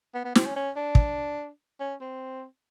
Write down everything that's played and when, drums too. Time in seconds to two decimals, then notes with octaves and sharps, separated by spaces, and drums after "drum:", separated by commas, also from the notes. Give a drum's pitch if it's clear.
0.15 B3
0.25 B3
0.35 C4, drum: snare
0.46 C#4
0.56 C#4
0.76 D4
0.95 drum: kick
1.80 C#4
2.01 C4